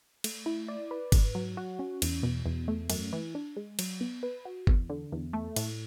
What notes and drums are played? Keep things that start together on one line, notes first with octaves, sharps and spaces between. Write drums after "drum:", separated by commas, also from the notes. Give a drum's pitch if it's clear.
A3, drum: cymbal
E4
D5
B4
G#2, drum: kick G1, cymbal
F#3
F#4
C#4
E2, drum: cymbal
B2
E2
A3
F#2, drum: cymbal
E3
D4
G#3
F#3, drum: cymbal
B3
B4
F#4
E2, drum: kick G1
D3
E2
A3
A2, drum: cymbal